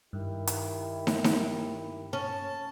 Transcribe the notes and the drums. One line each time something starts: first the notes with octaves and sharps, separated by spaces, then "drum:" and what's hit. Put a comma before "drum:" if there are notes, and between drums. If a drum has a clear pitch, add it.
G2 D#3 E4 G4
drum: hi-hat
drum: snare
drum: snare
C#4 A5